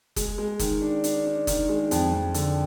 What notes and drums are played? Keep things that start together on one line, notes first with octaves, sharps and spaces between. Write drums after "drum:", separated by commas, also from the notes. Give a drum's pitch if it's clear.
G#3, drum: kick F#1, hi-hat
G#3
D#3, drum: kick F#1, hi-hat
D4
D4, drum: hi-hat
D4
D#3, drum: kick F#1, hi-hat
G#3
F2, drum: hi-hat
F2
D3, drum: hi-hat